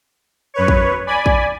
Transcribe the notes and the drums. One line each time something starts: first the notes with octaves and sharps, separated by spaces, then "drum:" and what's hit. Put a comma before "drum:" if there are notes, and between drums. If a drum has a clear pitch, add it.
F#2 B4 C#5
drum: kick
D5 G#5 B5
drum: kick